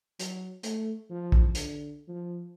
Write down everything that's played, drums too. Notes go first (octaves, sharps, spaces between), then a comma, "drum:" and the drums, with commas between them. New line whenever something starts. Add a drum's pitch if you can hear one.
F#3, drum: hi-hat
A3, drum: hi-hat
F3
drum: kick A#1
D3, drum: hi-hat
F3